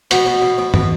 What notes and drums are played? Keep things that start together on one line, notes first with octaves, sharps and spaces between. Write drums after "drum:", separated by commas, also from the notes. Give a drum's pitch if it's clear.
B2 F#4, drum: hi-hat
B2
B2
B2
B2, drum: tom